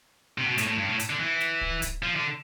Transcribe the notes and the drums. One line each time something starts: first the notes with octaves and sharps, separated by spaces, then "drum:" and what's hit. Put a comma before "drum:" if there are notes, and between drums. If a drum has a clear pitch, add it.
C3
B2
A2, drum: hi-hat
A2
G2
A2
drum: hi-hat
D3
E3
drum: snare
drum: kick
drum: kick, hi-hat
F3
D3